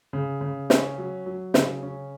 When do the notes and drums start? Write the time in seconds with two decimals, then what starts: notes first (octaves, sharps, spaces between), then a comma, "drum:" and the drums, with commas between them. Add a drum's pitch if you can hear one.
0.13 C#3
0.41 C#3
0.70 C#4, drum: snare
0.98 F#3
1.26 F#3
1.54 C#3, drum: snare
1.83 C#4